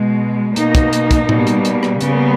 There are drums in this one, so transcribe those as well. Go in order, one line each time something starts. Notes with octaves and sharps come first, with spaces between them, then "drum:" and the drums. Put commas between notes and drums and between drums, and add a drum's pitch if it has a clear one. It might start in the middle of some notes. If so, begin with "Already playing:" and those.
Already playing: B2 G#3
B2 A#3 D#4, drum: hi-hat
drum: kick, hi-hat
drum: hi-hat
drum: kick, hi-hat
B2 G3 A#3, drum: tom A2
drum: hi-hat
drum: hi-hat
drum: rim click
C#3 G3 A#3 B3, drum: hi-hat